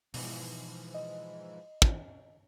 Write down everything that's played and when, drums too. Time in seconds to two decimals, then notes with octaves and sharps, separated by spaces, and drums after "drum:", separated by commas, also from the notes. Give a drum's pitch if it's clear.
0.14 G#2 B2 E3 F3, drum: open hi-hat
0.94 D#5
1.82 drum: kick